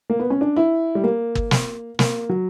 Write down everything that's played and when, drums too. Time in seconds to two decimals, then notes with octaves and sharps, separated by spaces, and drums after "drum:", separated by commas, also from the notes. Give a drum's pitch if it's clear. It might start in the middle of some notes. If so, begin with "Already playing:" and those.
0.10 A#3
0.20 B3
0.30 C#4
0.41 D4
0.56 E4
0.95 G3
1.04 A#3
1.35 drum: kick
1.51 drum: snare
1.99 A#3, drum: snare
2.29 F#3